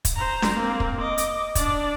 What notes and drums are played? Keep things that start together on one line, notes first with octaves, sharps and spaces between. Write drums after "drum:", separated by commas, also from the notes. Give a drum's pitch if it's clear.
drum: kick, hi-hat
C5 A#5
drum: snare D4
A#3 C4
drum: kick
D#5 D6
drum: hi-hat
D4 D5, drum: kick, hi-hat